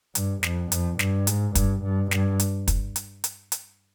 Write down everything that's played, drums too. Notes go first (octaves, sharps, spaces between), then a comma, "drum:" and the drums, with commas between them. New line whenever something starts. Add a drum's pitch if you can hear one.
G2, drum: hi-hat
F2, drum: snare
F2, drum: hi-hat
G2, drum: snare
G#2, drum: hi-hat
G2, drum: kick, hi-hat
G2
G2, drum: snare
drum: hi-hat
drum: kick, hi-hat
drum: hi-hat
drum: hi-hat
drum: hi-hat